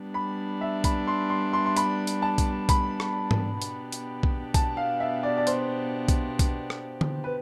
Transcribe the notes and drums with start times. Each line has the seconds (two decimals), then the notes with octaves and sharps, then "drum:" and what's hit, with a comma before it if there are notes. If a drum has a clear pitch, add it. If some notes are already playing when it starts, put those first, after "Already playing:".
Already playing: G3 B3 D4
0.14 B5
0.61 E5
0.84 B5, drum: kick B1, hi-hat
1.07 C6
1.30 C6
1.53 C6
1.66 C6
1.77 B5, drum: hi-hat
2.07 drum: hi-hat
2.22 A5
2.38 drum: kick B1, hi-hat
2.69 B5, drum: kick B1, hi-hat
3.00 drum: rim click
3.31 drum: tom G#2
3.62 B2 B3 D4 G4, drum: hi-hat
3.92 drum: hi-hat
4.23 drum: kick B1
4.54 A5, drum: kick B1, hi-hat
4.77 F5
5.00 E5
5.23 D5
5.37 D5
5.47 C5, drum: hi-hat
6.08 drum: kick B1, hi-hat
6.39 drum: kick B1, hi-hat
6.70 drum: rim click
7.01 drum: tom D3
7.24 B4